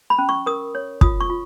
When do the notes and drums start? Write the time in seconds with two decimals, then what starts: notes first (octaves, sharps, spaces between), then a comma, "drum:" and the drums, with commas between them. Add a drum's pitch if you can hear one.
0.10 B5
0.19 C#4
0.29 C#6
0.46 A#4 D#6
0.75 C#5
1.01 F4 D#6, drum: kick
1.21 C#6
1.30 F4